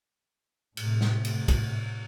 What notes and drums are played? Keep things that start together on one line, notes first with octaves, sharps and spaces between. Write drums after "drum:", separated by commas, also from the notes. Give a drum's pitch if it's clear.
A2 C3, drum: cymbal
drum: snare
drum: cymbal
drum: kick, cymbal